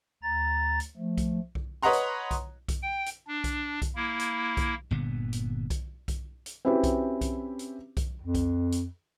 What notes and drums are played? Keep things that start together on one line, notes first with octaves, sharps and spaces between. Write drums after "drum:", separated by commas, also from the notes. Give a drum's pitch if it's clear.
D2 A#5 A6
drum: hi-hat
F3 A3
drum: kick B1, hi-hat
drum: kick B1
B4 C#5 D#5 F#5 A#5 C6
drum: hi-hat
drum: kick B1, hi-hat
drum: kick B1, hi-hat
G5
drum: hi-hat
D4
drum: kick B1, hi-hat
drum: kick B1, hi-hat
A#3 E4
drum: hi-hat
drum: kick B1, hi-hat
G1 A#2 D3 B3
drum: hi-hat
drum: kick B1, hi-hat
drum: kick B1, hi-hat
drum: hi-hat
C4 C#4 E4 F#4 G4 B4
drum: kick B1, hi-hat
drum: kick B1, hi-hat
drum: hi-hat
drum: kick B1, hi-hat
F2
drum: kick B1, hi-hat
drum: hi-hat